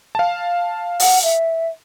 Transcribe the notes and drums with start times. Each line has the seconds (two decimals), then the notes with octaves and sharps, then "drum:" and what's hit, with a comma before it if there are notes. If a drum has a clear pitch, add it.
0.15 F5 A5
1.00 F#5, drum: open hi-hat
1.23 E5